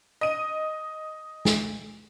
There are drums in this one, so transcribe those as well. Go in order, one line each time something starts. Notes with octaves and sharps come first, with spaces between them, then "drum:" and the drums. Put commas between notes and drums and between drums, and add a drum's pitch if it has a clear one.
D#5 D#7
drum: snare